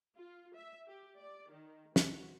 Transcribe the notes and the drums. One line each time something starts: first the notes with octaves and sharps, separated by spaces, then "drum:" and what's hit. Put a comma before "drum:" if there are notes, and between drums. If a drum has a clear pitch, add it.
F4
E5
G4
D5
D#3
F#4, drum: snare